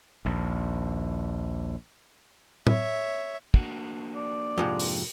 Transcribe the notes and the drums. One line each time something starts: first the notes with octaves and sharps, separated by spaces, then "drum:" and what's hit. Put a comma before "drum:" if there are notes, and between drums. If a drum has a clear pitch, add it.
A#1 D#2
C#5 E5, drum: tom A2
A#3 D4 F#4, drum: kick
D5
F2 G#2 C3
drum: open hi-hat